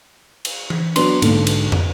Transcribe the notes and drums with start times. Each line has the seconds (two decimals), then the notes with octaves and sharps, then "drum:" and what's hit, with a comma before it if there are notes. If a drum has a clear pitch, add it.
0.45 drum: cymbal
0.70 drum: tom E3
0.96 F#3 B3 D4 C6, drum: cymbal
1.22 B1 G#2 B2 D3, drum: cymbal
1.47 drum: cymbal
1.72 drum: tom